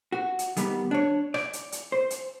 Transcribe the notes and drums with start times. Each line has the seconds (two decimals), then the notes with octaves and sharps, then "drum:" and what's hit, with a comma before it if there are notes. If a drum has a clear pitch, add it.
0.12 F#4
0.39 drum: hi-hat
0.57 D#3 G3 B3, drum: hi-hat
0.91 D4 C#5
1.34 D5, drum: rim click
1.53 drum: hi-hat
1.72 drum: hi-hat
1.92 C5
2.10 drum: hi-hat